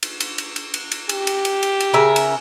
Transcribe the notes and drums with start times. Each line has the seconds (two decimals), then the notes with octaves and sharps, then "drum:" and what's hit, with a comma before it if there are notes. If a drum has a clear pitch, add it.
0.03 drum: cymbal
0.20 drum: cymbal
0.38 drum: cymbal
0.56 drum: cymbal
0.74 drum: cymbal
0.91 drum: cymbal
1.09 G4, drum: cymbal
1.27 drum: cymbal
1.45 drum: cymbal
1.63 drum: cymbal
1.80 drum: cymbal
1.93 C#3 A#4 E5
2.16 drum: cymbal